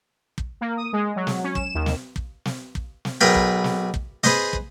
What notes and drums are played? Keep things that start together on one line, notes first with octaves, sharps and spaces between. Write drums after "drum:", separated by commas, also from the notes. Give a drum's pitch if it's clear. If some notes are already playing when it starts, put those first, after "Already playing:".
drum: kick
A#3
D#6
G#3
F#3
drum: snare
C#4
E7, drum: kick
D#2
drum: snare
drum: kick
drum: snare
drum: kick
drum: snare
B1 G#4 A#4 B4 G5 B5
drum: kick
drum: snare
drum: kick
G#4 B4 C5 D#5, drum: snare
drum: kick